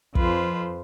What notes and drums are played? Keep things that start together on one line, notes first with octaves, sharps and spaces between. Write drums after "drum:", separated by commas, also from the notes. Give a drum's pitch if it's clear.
F2 F4 B4 C5, drum: kick